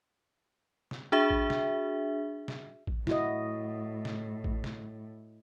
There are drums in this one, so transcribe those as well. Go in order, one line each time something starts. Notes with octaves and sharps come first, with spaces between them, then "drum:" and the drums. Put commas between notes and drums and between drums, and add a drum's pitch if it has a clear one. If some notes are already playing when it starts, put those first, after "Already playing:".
drum: snare
D4 F#4 G#4 E5
drum: kick A1
drum: snare
drum: snare
drum: kick A1
A2 E4 F#4 D#5, drum: snare
drum: snare
drum: kick A1
drum: snare